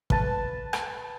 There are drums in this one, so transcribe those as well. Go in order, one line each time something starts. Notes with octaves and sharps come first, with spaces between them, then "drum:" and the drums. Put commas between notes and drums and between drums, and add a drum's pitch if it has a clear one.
B4 A5, drum: kick
drum: rim click